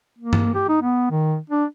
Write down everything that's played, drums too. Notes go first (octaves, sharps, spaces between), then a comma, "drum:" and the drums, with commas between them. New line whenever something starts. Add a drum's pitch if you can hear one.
A#3
drum: tom G2
G4
D#4
B3
D#3
D4